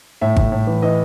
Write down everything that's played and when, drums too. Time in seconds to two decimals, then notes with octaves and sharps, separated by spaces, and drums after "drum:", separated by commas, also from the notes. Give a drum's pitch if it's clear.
0.21 A2 E5
0.36 A2, drum: kick G#1
0.52 A2
0.67 E3
0.82 E3 D#5